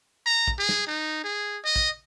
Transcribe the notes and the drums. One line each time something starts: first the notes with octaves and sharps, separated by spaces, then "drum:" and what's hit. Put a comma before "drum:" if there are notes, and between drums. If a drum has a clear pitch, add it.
A#5
drum: kick A1
G#4
drum: snare
D#4
G#4
D#5
drum: kick A1